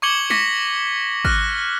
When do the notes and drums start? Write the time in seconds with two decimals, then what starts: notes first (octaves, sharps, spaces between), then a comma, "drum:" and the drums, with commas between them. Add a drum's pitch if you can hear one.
0.02 C#6 D6 G#6 C#7 F#7 G7
0.30 C#6 D6 A#6 B6 C#7, drum: snare
1.25 F6 F#6 A#6, drum: kick G#1